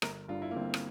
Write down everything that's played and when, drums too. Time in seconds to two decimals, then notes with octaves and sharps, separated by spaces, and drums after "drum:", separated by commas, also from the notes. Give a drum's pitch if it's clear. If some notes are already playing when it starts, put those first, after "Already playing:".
0.02 G1 A#4, drum: rim click
0.29 G2 D3 F4
0.42 E4
0.51 A#3
0.56 G1 C4
0.74 drum: rim click